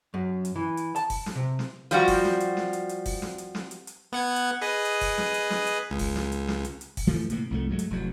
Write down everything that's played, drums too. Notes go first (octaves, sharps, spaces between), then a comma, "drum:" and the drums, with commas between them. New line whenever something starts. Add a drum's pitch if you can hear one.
F#2
drum: hi-hat
E3
drum: hi-hat
A5, drum: hi-hat
drum: kick, open hi-hat
drum: snare
C3
drum: snare
F3 G3 F#4, drum: hi-hat
drum: kick, open hi-hat
drum: snare
drum: hi-hat
drum: snare
drum: hi-hat
drum: hi-hat
drum: kick, open hi-hat
drum: snare
drum: hi-hat
drum: snare
drum: hi-hat
drum: hi-hat
B3 F#5 G#6
drum: hi-hat
G#4 B4 D#5
drum: hi-hat
drum: kick, open hi-hat
drum: snare
drum: hi-hat
drum: snare
drum: hi-hat
C#2
drum: kick, open hi-hat
drum: snare
drum: hi-hat
drum: snare
drum: hi-hat
drum: hi-hat
drum: kick, open hi-hat
E3 F3 A3
A2 C3 A#3, drum: hi-hat
C2 F2 A3
G#2 F#3 G3 A3
drum: hi-hat
F1 E2 F#3